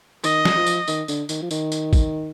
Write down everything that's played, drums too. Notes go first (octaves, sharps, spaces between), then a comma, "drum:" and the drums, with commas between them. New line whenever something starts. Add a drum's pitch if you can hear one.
D#3 D#5, drum: tambourine
drum: snare
F3
drum: tambourine
D#3, drum: tambourine
D3, drum: tambourine
D#3, drum: tambourine
F3
D#3, drum: tambourine
drum: tambourine
drum: kick, tambourine